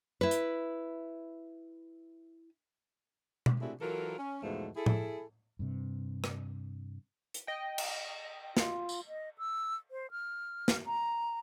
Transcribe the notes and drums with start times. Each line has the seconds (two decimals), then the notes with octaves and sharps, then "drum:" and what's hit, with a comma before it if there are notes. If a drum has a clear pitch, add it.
0.21 E4 B4
0.31 drum: hi-hat
3.46 drum: tom B2
3.61 A2 C3 D4 E4 F#4 G#4
3.81 E3 F#3 F4 A4 A#4
4.19 C#4
4.43 E2 G#2 B2 F3 G#3 A3
4.77 E4 G#4 A4
4.86 drum: tom A2
5.59 G2 C3
6.24 drum: rim click
7.34 drum: hi-hat
7.47 D#5 G5
7.78 drum: cymbal
8.57 F4, drum: snare
8.89 drum: tambourine
9.08 D#5
9.38 E6
9.91 C5
10.11 F6
10.68 drum: snare
10.86 A#5